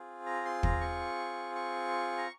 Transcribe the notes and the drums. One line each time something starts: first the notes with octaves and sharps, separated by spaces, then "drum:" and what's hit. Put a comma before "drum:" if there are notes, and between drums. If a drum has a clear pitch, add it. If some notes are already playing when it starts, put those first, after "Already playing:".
Already playing: C4 F4 G#4
A#5
C6
A#5, drum: kick
C#6
C#6
A#5